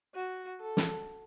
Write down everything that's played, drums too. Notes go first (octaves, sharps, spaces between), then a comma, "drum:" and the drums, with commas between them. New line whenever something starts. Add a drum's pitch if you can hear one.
F#4
A4
drum: snare